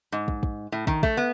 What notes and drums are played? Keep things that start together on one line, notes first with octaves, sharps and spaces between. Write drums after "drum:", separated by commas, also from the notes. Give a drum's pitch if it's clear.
G#2
drum: kick
drum: kick
A2
D#3, drum: kick
A3, drum: kick
B3